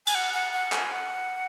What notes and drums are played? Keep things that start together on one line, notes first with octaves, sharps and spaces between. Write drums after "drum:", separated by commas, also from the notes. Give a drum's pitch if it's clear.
G#5, drum: cymbal
F#5
F#5
F#5
G#5, drum: clap
F#5